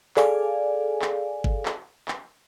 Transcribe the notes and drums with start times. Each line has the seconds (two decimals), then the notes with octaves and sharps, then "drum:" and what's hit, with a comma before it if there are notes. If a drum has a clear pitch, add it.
0.17 G#4 A4 D5 F5 G#5, drum: clap
1.02 drum: clap
1.44 drum: kick G1
1.66 drum: clap
2.08 drum: clap